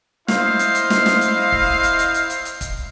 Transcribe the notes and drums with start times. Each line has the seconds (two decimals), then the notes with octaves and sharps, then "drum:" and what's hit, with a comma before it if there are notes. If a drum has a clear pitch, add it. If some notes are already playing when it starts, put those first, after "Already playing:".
0.28 E4 C5 D#5 F5, drum: snare
0.59 drum: hi-hat
0.75 drum: hi-hat
0.90 drum: snare
1.06 drum: snare
1.21 drum: hi-hat
1.52 drum: kick
1.83 drum: hi-hat
1.99 drum: hi-hat
2.14 drum: hi-hat
2.30 drum: hi-hat
2.45 drum: hi-hat
2.61 drum: kick, hi-hat